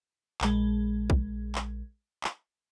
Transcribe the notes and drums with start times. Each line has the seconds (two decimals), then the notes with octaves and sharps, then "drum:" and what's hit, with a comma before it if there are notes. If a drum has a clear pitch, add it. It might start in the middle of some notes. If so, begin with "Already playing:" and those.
0.41 A#1 G#3, drum: clap
1.10 drum: kick A#1
1.55 drum: clap
2.24 drum: clap